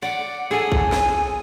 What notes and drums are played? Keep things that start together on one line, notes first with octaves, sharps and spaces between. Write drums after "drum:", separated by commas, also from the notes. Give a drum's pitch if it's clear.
D5 F#5
G#4 A4 G#5
drum: kick
drum: snare